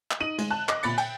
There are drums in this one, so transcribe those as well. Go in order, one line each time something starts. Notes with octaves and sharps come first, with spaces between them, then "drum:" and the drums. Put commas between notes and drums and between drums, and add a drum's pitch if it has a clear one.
drum: clap
D#4 D#7 F#7
G#3, drum: cymbal
A5 F#6
D#5 D6, drum: clap
A#2 B5 A6 C#7, drum: cymbal
G5, drum: cymbal